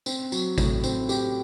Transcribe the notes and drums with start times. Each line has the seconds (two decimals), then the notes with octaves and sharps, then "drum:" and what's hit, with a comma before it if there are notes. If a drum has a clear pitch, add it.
0.06 C4, drum: tambourine
0.32 F#3, drum: tambourine
0.58 A2, drum: kick, tambourine
0.84 C4, drum: tambourine
1.09 G4, drum: tambourine